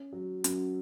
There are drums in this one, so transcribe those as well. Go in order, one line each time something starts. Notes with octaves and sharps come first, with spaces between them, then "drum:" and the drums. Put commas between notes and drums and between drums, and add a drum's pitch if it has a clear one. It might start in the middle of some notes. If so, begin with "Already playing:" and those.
Already playing: C#4
F#3
F#2, drum: hi-hat